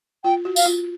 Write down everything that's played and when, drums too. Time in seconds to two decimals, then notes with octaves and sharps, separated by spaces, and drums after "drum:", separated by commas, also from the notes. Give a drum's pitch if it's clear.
0.24 F4 G5
0.45 F#4
0.56 F5, drum: tambourine
0.66 F4